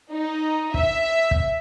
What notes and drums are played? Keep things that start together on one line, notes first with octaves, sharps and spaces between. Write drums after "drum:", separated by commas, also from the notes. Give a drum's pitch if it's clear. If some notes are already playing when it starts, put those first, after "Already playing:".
D#4
E5, drum: kick
drum: kick